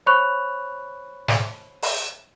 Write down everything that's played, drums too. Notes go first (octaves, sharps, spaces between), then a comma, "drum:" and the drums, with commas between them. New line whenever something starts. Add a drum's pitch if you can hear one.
C5 C#5 B5 C#6 F#6 F7
drum: snare
drum: open hi-hat